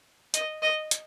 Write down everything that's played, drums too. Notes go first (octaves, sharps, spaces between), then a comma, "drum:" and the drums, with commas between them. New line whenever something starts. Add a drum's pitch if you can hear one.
D#5, drum: hi-hat
D#5
drum: hi-hat